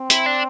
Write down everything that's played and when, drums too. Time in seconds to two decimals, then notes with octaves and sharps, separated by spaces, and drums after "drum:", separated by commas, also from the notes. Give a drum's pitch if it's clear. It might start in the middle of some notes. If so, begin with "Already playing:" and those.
Already playing: C4
0.10 E4, drum: hi-hat
0.26 D4